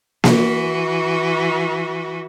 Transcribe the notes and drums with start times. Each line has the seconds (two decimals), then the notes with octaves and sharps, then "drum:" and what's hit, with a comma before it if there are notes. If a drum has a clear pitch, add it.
0.24 E3 F#4, drum: snare A#3